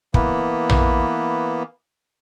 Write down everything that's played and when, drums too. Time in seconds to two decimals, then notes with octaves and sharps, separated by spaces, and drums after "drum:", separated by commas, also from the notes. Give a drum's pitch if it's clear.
0.14 E3 A#3 B3, drum: kick
0.69 drum: tom A#1